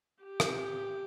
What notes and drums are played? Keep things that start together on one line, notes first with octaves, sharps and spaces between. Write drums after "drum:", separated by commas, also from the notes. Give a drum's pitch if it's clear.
G4
drum: rim click